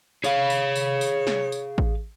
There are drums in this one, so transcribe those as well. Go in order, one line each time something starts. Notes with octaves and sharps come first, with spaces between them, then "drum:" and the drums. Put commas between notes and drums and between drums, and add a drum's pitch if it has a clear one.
G#4 C#5 F5, drum: tambourine
drum: tambourine
drum: tambourine
drum: tambourine
drum: snare
drum: tambourine
drum: kick A1